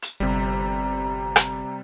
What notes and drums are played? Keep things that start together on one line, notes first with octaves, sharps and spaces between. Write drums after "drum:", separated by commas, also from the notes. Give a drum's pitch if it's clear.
drum: hi-hat
G1 C3 G3 A#5
drum: rim click